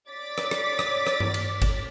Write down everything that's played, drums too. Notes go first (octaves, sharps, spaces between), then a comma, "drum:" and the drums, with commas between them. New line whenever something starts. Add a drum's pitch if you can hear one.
C#5 D5 D6 A6 B6
drum: rim click
drum: rim click
drum: rim click
drum: rim click
drum: tom G2
drum: cymbal
drum: kick G1, cymbal